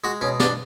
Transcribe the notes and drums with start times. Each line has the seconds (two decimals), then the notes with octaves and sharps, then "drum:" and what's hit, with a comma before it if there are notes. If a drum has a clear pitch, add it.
0.04 G#3 F#4
0.21 B2 C#4
0.40 D4, drum: snare